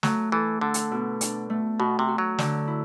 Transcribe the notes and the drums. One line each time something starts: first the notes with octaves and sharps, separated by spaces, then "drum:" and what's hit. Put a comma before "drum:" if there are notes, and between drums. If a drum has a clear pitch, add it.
F#3 A3, drum: snare
E3 A4
D3 A4
drum: hi-hat
B2
D4, drum: hi-hat
A3
B2 F#4
C3
F#4
F#3
D3, drum: snare
E4